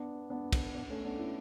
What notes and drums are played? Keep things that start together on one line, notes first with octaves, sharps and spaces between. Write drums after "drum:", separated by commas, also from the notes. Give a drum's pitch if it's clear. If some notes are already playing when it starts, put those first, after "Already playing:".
Already playing: B3 D4
B3 D4
drum: kick, cymbal
B3 D4
A3 C#4
B3 D4
C#4 E4